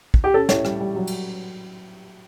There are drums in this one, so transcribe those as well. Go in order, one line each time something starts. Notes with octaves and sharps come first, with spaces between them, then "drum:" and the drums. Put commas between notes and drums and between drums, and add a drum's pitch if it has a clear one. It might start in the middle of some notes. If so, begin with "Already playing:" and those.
drum: kick
G4
C#4 A4
A2 C#5, drum: snare
G3, drum: rim click
G3
F#3
drum: cymbal